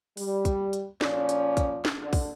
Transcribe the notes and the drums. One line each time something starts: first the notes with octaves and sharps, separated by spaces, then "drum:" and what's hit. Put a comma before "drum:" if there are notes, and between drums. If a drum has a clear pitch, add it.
G3, drum: open hi-hat
drum: kick, hi-hat
drum: hi-hat
A#2 F3 C#4 D5, drum: snare
drum: hi-hat
drum: kick, hi-hat
drum: snare
D3
drum: kick, open hi-hat